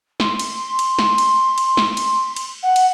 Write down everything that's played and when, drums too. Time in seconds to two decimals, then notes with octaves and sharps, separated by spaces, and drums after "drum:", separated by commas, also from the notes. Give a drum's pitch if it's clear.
0.20 C6, drum: snare
0.39 drum: cymbal
0.79 drum: cymbal
0.99 drum: snare
1.18 drum: cymbal
1.58 drum: cymbal
1.77 drum: snare
1.97 drum: cymbal
2.36 drum: cymbal
2.62 F#5
2.76 drum: cymbal